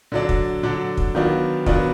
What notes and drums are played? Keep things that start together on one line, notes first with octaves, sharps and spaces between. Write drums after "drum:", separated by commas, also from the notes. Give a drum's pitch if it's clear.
D3 F#3 D4
drum: kick
D3 F#3 D4
drum: kick
D#3 F#3 B3 D4 F4
D#3 F#3 B3 D4 F4, drum: kick